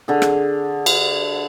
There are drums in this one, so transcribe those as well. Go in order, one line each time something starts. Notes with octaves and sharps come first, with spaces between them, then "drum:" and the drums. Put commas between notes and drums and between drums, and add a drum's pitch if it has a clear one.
D3 G#4
drum: rim click
drum: cymbal